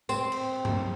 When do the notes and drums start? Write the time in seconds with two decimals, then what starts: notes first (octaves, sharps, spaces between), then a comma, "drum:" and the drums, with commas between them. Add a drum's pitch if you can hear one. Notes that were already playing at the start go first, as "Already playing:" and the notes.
0.09 C4, drum: tambourine
0.32 drum: cymbal
0.65 drum: tom G2